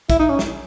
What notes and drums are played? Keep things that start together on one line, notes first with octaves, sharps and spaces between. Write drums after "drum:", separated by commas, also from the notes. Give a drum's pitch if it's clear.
E4, drum: kick, hi-hat
D#4
C#4
drum: snare